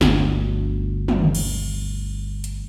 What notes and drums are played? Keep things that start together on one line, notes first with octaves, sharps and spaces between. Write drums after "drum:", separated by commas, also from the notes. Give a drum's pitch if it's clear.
G1 D2, drum: snare
drum: tom
drum: cymbal
drum: hi-hat